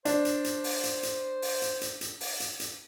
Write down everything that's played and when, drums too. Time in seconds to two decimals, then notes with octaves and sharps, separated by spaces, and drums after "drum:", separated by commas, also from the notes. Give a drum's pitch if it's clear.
0.05 D4 C5, drum: hi-hat
0.25 drum: hi-hat
0.44 drum: hi-hat
0.64 drum: open hi-hat
0.84 drum: hi-hat
1.03 drum: hi-hat
1.42 drum: open hi-hat
1.62 drum: hi-hat
1.81 drum: hi-hat
2.01 drum: hi-hat
2.21 drum: open hi-hat
2.40 drum: hi-hat
2.60 drum: hi-hat